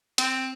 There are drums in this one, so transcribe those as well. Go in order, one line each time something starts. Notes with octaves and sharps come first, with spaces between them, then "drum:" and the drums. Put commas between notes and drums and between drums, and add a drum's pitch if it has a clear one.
C4, drum: hi-hat